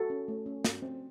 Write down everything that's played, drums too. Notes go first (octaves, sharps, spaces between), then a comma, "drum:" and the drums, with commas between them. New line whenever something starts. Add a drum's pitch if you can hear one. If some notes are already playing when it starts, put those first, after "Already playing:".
Already playing: F#4 A4
C#4
A3
C#4
F#4, drum: snare
C4